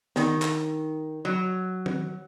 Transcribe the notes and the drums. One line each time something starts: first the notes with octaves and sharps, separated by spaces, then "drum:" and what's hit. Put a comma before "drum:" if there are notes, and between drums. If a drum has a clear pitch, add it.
D#3, drum: snare
drum: clap
F#3
drum: tom